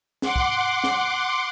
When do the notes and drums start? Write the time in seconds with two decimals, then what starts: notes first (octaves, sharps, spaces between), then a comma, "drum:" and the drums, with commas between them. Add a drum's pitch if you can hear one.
0.22 F#5 C6 D6, drum: snare
0.36 drum: kick
0.84 drum: snare